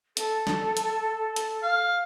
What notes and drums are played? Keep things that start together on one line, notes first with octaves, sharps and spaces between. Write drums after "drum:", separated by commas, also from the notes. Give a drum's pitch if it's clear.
A4, drum: hi-hat
drum: snare
drum: hi-hat
drum: hi-hat
F5